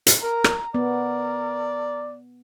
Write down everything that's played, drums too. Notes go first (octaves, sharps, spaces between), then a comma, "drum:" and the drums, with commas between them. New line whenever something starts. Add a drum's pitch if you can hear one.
drum: hi-hat
A#4 A#5
drum: rim click
B3 A#4 D5